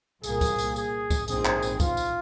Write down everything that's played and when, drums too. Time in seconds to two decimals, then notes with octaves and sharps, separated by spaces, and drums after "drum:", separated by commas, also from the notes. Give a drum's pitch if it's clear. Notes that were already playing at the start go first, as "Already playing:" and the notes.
0.23 C2 A#2 A#3 G#4, drum: tambourine
0.41 drum: kick C#2, tambourine
0.58 drum: tambourine
0.76 G#4, drum: tambourine
1.10 drum: kick C#2, tambourine
1.28 A#1 G#2 D#3 C4 G#4, drum: tambourine
1.45 drum: clap
1.62 drum: tambourine
1.80 F4, drum: kick C#2, tambourine
1.97 drum: tambourine